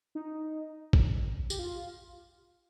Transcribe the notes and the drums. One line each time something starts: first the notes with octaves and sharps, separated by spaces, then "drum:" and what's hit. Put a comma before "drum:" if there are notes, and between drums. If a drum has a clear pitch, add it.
D#4
drum: kick
G4, drum: tambourine
F4